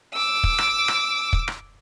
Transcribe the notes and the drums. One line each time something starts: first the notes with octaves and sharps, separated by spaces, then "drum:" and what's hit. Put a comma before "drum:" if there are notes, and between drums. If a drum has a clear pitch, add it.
D6 E6
drum: kick
drum: rim click
drum: rim click
drum: kick
drum: rim click